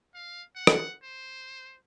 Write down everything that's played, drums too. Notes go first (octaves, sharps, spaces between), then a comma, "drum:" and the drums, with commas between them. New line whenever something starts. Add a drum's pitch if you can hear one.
F5
F#5
drum: rim click
C5